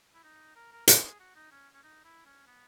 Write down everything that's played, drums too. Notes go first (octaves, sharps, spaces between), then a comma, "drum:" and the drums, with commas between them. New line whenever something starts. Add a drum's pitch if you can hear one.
E4
D#4
A#4
A#4
G#4, drum: hi-hat
G#4
F#4
D#4
C#4
C#4
D#4
E4
C#4
B3